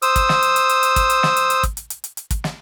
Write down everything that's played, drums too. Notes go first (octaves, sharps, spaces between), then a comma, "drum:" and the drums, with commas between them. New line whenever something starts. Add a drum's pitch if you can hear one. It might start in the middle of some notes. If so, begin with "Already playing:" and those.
C5 D#6 E6, drum: hi-hat
drum: kick, hi-hat
drum: snare
drum: hi-hat
drum: hi-hat
drum: hi-hat
drum: hi-hat
drum: kick, hi-hat
drum: hi-hat
drum: snare
drum: hi-hat
drum: hi-hat
drum: kick, hi-hat
drum: hi-hat
drum: hi-hat
drum: hi-hat
drum: hi-hat
drum: kick, hi-hat
drum: snare